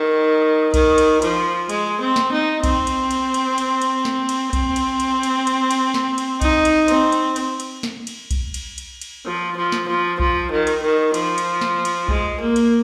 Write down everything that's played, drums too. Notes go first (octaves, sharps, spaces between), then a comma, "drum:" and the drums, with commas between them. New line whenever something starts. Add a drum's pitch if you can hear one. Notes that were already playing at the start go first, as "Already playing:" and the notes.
Already playing: D#3
D#3, drum: kick B1, cymbal
drum: cymbal
F3, drum: cymbal
G#3, drum: cymbal
C4
drum: snare
D#4
C4, drum: kick B1, cymbal
drum: cymbal
drum: cymbal
drum: cymbal
drum: cymbal
drum: cymbal
drum: snare
drum: cymbal
C4, drum: kick B1, cymbal
drum: cymbal
drum: cymbal
drum: cymbal
drum: cymbal
drum: cymbal
drum: snare
drum: cymbal
D#4, drum: kick B1, cymbal
drum: cymbal
C4, drum: cymbal
drum: cymbal
drum: cymbal
drum: cymbal
drum: snare
drum: cymbal
drum: kick B1, cymbal
drum: cymbal
drum: cymbal
drum: cymbal
F3
F3
drum: snare
F3
F3, drum: kick B1
D#3
drum: cymbal
D#3
F3, drum: cymbal
drum: cymbal
drum: snare
drum: cymbal
G#3, drum: kick B1
A#3
drum: cymbal